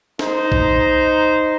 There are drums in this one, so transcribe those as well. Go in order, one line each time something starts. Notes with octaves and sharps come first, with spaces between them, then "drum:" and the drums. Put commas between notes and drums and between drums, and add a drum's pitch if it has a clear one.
D#4 C5, drum: snare
drum: kick A#1